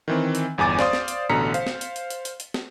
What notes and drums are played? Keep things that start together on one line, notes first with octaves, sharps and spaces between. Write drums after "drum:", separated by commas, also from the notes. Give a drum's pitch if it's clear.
D#3 E3 C4
drum: hi-hat
G1 E2 G#5 D6 A6
C5 D5 F5 C6 D#6, drum: snare
drum: snare
drum: hi-hat
A1 B2 D3 A#5 B6 C#7
C5 F5, drum: hi-hat
drum: snare
drum: hi-hat
drum: hi-hat
drum: hi-hat
drum: hi-hat
drum: hi-hat
drum: snare